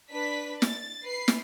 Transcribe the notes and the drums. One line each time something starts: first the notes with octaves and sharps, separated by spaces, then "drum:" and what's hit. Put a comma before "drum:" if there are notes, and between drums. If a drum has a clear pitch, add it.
D4 B4 B6
A6, drum: snare
B4 C7
drum: snare